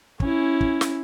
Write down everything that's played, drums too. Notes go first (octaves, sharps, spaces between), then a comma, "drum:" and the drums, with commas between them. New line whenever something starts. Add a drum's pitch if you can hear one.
C#4 E4, drum: kick
drum: kick
drum: snare